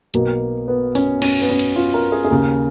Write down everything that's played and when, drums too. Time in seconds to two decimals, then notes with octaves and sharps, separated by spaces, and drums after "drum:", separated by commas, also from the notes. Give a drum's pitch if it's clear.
0.14 B1 B2 A#3, drum: hi-hat
0.68 B3
0.95 C#4, drum: open hi-hat
1.22 C#4, drum: cymbal
1.41 B3
1.50 C#4
1.59 drum: cymbal
1.76 F4
1.94 A#4
2.12 G#4
2.25 G#4
2.30 D#2 C#3 A#4